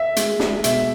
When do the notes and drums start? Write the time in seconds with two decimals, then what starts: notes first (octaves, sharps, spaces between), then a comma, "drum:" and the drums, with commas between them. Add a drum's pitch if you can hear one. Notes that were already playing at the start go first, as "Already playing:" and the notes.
Already playing: E5
0.16 G#3, drum: hi-hat
0.40 G#3, drum: snare
0.64 B2 E5, drum: hi-hat